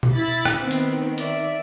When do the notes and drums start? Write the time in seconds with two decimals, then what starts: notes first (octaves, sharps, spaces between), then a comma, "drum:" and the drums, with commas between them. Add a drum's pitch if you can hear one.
0.03 drum: tom B2
0.14 E4 B5 A6
0.45 drum: rim click
0.60 D#3 B3 C4
0.71 drum: hi-hat
1.18 D5 E5, drum: hi-hat